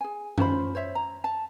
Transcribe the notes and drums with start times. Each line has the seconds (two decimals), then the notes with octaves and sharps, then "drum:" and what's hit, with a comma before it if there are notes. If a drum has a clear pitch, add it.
0.01 G#4 G#5
0.38 C#4 F4 C5 B5, drum: tom F#2
0.75 C5 C#5 E5
0.95 A#5
1.24 A5